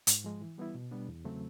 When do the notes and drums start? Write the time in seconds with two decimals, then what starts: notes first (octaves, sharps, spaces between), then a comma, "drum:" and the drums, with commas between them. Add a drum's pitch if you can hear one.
0.07 G#2, drum: hi-hat
0.24 F3 G#3
0.41 E3
0.58 G3 B3 E4
0.74 B2
0.91 G3 B3 D4
1.08 E2
1.25 C#3 F#3 A3 C4